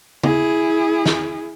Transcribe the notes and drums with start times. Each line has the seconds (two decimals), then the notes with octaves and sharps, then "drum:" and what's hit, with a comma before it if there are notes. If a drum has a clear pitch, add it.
0.23 E4 G#4, drum: tom
1.06 drum: snare